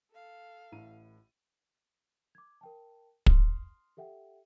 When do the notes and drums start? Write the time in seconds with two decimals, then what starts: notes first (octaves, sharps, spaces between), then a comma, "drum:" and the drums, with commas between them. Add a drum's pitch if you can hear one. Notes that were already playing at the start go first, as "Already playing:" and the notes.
0.12 A4 F5
0.72 A1 A2 D#7
2.35 D6 G#6
2.61 A#4 G5 A5
3.26 C6 D#6 F6 C7, drum: kick
3.97 G4 A4 E5 F#5 G5